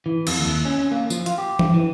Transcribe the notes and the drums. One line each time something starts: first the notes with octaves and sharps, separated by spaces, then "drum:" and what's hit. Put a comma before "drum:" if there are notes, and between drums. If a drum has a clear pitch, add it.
E3
F2, drum: cymbal
D#2
C#4
C#4
A#3
F3, drum: tambourine
F4, drum: hi-hat
G4
drum: tom E3
E3